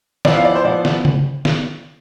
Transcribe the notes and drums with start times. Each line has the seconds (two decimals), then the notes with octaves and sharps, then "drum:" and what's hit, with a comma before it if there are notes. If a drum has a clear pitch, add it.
0.25 F3 B3 E4 D5, drum: snare
0.34 F5
0.45 D5
0.55 C5
0.64 F3 B3 E4 D5
0.85 drum: snare
1.05 drum: tom C#3
1.45 drum: snare